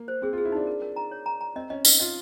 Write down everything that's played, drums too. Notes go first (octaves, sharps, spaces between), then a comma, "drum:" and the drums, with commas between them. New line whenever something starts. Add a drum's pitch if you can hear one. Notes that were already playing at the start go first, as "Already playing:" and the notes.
Already playing: A#3
C5
C4 G#4
F4
G#4
E4
D4 D#4
A#4
A#4
A#5
C#5
A#5
A#5
C4 D#5
C#4 D#5
D#4 B4, drum: tambourine
F4 D#5